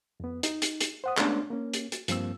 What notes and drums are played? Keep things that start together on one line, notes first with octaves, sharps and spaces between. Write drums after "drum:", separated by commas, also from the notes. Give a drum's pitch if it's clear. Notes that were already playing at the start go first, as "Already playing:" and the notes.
F2 B3
D#4, drum: hi-hat
drum: hi-hat
drum: hi-hat
C5 F#5 D#6
G#3 A3 B3 C#4 D4, drum: clap
A#3 C#4
drum: hi-hat
drum: hi-hat
G2 F3 A#3 C4 E6, drum: hi-hat